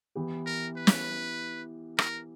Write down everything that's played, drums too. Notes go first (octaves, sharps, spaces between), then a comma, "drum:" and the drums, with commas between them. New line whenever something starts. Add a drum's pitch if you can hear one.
E3 B3 E4 G4
A#4
B4
drum: snare
A#4, drum: rim click